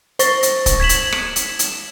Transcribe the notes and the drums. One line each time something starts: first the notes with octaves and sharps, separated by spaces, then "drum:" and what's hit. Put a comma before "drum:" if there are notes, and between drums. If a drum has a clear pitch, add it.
C5 C#6 A6 A#6, drum: hi-hat
drum: hi-hat
drum: kick, hi-hat
G#6 B6 E7 F#7
drum: hi-hat
drum: rim click
drum: hi-hat
drum: hi-hat